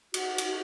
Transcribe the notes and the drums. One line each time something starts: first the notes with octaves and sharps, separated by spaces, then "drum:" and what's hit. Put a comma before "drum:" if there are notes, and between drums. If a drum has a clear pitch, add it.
F#4, drum: cymbal
drum: cymbal